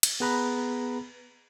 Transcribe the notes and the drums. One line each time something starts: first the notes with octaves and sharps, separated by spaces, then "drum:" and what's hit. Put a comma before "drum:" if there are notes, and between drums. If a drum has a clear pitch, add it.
drum: cymbal
B3 G#4 B4 A#5 B5